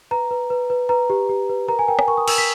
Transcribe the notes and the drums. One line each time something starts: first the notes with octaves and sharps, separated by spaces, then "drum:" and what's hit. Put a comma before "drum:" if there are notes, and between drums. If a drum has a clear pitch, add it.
B4 A#5
B4
B4
B4
B4 A#5
G4
G4
B4
A#4 A#5
G#5
A#4 G5
G#5, drum: rim click
A#4 C#6
D#6
A#4 E6, drum: cymbal
B6